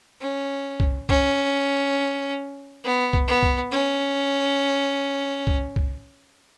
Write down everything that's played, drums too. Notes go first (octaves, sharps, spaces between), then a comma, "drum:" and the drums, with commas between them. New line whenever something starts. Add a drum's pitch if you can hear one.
C#4
drum: kick C2
C#4, drum: kick C2
B3
drum: kick C2
B3
drum: kick C2
C#4
drum: kick C2
drum: kick C2